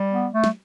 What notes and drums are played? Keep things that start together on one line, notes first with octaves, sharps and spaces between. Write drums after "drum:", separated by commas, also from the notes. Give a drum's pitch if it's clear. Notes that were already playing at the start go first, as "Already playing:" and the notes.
Already playing: G3
B3
A3
drum: snare